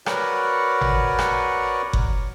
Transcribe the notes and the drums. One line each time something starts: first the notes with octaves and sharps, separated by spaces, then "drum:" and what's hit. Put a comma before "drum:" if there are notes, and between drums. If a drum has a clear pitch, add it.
F#4 A#4 B4 C#5 D5 F#5, drum: rim click
drum: tom G#1
drum: rim click
drum: kick F#1